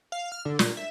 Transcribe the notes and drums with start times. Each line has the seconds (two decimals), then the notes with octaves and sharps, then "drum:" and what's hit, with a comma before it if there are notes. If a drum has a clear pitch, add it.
0.12 F5
0.32 F6
0.45 D3
0.59 A#2, drum: snare
0.77 E5